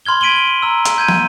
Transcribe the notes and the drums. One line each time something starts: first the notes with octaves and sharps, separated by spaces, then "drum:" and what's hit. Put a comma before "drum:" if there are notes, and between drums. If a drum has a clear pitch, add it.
B5 C6 F6 G#6 G7
G#6 B6 D7 D#7 F#7 G7
G7
A#5 E6
drum: hi-hat
G6 G#6 D#7
drum: snare